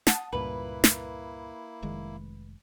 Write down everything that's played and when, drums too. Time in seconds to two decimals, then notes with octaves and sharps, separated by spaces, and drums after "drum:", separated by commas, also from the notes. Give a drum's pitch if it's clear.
0.07 F#5 A5 D#6, drum: snare
0.33 C#2 G2 A#2 A#3 E4 B4
0.84 drum: snare
1.83 F1 D#3 G#3